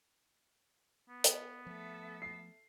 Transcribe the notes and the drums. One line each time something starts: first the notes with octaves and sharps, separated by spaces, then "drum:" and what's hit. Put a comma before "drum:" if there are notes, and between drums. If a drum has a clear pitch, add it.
B3
drum: hi-hat
F3 A3 A4 E5
C7